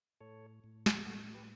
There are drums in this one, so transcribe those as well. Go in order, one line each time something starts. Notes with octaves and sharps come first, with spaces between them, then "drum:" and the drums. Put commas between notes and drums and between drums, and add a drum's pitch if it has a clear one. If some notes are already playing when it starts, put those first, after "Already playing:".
A2 A4 C#5
A2
drum: snare
A2 F#4 A4
G4 B4